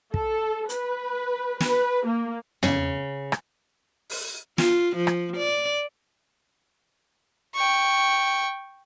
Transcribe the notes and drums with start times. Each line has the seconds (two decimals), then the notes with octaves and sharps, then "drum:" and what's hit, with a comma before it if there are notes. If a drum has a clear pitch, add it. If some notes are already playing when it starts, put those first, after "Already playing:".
0.14 A4, drum: kick
0.69 B4, drum: hi-hat
1.60 B4, drum: snare
2.06 A#3
2.63 C#3, drum: tom
3.32 drum: rim click
4.10 drum: open hi-hat
4.58 F4, drum: snare
4.96 F3
5.07 drum: rim click
5.37 D5
7.55 G5 C#6